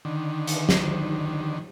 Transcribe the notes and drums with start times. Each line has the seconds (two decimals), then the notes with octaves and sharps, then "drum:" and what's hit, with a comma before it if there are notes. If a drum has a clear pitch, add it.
0.05 D3 D#3
0.48 drum: hi-hat
0.69 drum: snare